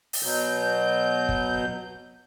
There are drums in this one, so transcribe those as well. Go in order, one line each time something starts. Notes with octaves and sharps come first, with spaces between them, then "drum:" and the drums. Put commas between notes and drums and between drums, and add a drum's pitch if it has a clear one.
drum: open hi-hat
B2 F#3 G6
drum: kick